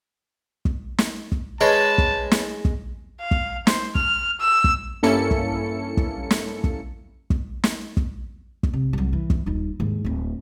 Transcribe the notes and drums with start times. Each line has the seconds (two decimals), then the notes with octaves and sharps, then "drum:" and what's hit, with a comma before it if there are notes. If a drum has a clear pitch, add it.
0.65 drum: kick
0.98 drum: snare
1.32 drum: kick
1.61 G#3 C#4 B4 A5
1.98 drum: kick
2.31 drum: snare
2.65 drum: kick
3.21 F5
3.31 drum: kick
3.67 C5, drum: snare
3.95 F6, drum: kick
4.40 E6
4.64 drum: kick
5.03 G2 A#3 C#4 E4 A4 C#7
5.31 drum: kick
5.97 drum: kick
6.31 drum: snare
6.64 drum: kick
7.30 drum: kick
7.64 drum: snare
7.97 drum: kick
8.63 drum: kick
8.73 C3
8.93 C2 F#3
9.13 E3
9.30 drum: kick
9.46 D#1 D#4
9.80 D#2 G#2
10.05 D1 C4